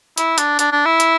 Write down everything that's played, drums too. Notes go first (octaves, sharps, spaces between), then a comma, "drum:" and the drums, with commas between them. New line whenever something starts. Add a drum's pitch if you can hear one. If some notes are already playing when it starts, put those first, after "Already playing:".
E4, drum: hi-hat
D4, drum: hi-hat
D4, drum: hi-hat
D4
E4
drum: hi-hat